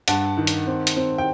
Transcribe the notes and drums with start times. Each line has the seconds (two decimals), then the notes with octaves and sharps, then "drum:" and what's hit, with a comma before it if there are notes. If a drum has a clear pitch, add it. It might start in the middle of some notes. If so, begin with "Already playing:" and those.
0.08 G2 F#5 A5, drum: hi-hat
0.38 D#3
0.47 drum: hi-hat
0.67 C4
0.87 drum: hi-hat
0.97 C4
1.18 G5